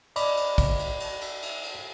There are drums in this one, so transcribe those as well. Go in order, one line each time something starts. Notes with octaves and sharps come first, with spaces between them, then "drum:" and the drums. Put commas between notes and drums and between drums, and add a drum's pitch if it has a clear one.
D5 D#5 B5 D6, drum: cymbal
drum: cymbal
drum: kick, cymbal
drum: cymbal
drum: cymbal
drum: cymbal
drum: cymbal
drum: cymbal